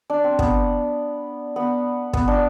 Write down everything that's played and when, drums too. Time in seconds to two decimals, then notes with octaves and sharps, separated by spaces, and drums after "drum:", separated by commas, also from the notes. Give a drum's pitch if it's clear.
0.10 D4
0.24 C4
0.39 B3, drum: kick
1.56 B3
2.13 B3, drum: kick
2.28 D4